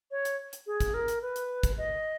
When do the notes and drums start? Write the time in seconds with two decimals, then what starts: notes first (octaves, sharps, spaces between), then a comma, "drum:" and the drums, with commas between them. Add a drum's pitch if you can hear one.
0.11 C#5
0.25 drum: hi-hat
0.53 drum: hi-hat
0.67 G#4
0.80 drum: kick, hi-hat
0.94 A#4
1.08 drum: hi-hat
1.22 B4
1.36 drum: hi-hat
1.63 drum: kick, hi-hat
1.78 D#5